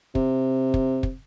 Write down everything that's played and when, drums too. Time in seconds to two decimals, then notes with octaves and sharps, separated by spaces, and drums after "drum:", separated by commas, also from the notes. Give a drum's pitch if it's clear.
0.15 C3, drum: kick
0.74 drum: kick
1.03 drum: kick